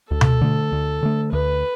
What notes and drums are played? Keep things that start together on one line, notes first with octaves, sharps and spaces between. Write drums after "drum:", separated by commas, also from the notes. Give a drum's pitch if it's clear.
D2 A4
drum: tom B2
D3 A3
D2
D3 A3
D2 B4